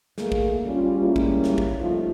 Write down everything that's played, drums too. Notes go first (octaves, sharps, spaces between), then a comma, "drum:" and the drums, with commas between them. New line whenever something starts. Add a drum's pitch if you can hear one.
D#2 A3 A#3 G#4, drum: snare
drum: kick
G3 C#4 F4
G3 G#3 A#3 C#4 E4
drum: kick
drum: snare
drum: kick
F3 G3 A3 D#4 F4